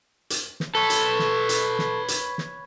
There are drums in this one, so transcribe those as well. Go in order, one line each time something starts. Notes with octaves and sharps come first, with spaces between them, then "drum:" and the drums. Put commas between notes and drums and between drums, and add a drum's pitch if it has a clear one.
drum: hi-hat
drum: snare
A4 B4 C#5
drum: hi-hat
drum: snare
drum: hi-hat
drum: snare
drum: hi-hat
drum: snare